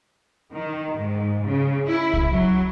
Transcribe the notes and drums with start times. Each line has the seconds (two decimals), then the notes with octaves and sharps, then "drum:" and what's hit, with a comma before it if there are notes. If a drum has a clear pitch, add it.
0.53 D#3
0.97 G#2
1.45 C#3
1.87 E4
2.14 drum: kick C2
2.31 F#3